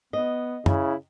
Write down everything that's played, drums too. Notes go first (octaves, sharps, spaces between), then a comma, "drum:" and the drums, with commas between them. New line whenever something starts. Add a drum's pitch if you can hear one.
B3 D#5
C#3 E4, drum: tom